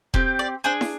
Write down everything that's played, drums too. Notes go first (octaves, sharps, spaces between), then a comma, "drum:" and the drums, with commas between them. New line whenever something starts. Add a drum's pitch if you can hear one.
C4 G4, drum: kick E1
D5
D4 G#4 C5
drum: snare